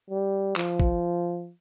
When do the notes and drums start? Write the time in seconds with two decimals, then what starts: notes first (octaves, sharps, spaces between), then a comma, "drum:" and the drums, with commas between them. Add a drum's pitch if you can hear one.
0.11 G3
0.56 F3, drum: clap
0.80 drum: kick